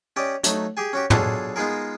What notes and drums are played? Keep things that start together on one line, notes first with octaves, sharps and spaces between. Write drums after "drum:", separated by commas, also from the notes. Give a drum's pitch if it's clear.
C#4 G4 D5 D#5
F#3 A3 D#4, drum: hi-hat
G4 G#4 G#5
C#4 F#4 G4
B2 F#3 D4 F4 G#4 A4, drum: tom
G#3 B3 D#4 F4 G#4 A#4